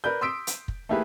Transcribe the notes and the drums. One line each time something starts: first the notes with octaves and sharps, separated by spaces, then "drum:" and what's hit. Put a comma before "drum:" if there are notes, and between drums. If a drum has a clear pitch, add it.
A#4 B4 D5 G6
C6 D#6 E6 B6 D7
drum: hi-hat
drum: kick
A3 A#3 E4 G4 G#4 B4